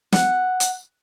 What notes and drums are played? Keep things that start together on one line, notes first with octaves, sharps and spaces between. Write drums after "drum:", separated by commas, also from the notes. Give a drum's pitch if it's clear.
F#5, drum: snare
drum: hi-hat